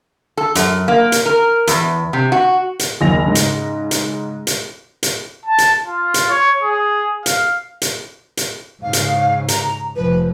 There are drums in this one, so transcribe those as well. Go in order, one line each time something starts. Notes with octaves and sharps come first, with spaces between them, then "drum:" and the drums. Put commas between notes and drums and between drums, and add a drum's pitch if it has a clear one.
A4
F#2, drum: hi-hat
A#3
drum: hi-hat
A#4
E2, drum: hi-hat
C3
F#4
drum: hi-hat
F#1 D#2 A#6 F7
G#2 C#3
drum: hi-hat
drum: hi-hat
drum: hi-hat
drum: hi-hat
A5
drum: hi-hat
F4
drum: hi-hat
C#5
G#4
F5, drum: hi-hat
drum: hi-hat
drum: hi-hat
G#2 C#3 F5
drum: hi-hat
A#5, drum: hi-hat
F1 F3 B4